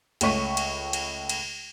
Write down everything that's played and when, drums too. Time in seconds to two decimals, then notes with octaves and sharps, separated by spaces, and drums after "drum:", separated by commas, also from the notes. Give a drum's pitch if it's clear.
0.21 C#2 A3 C#5 C#6 B6 D#7, drum: cymbal
0.57 drum: cymbal
0.93 drum: cymbal
1.29 drum: cymbal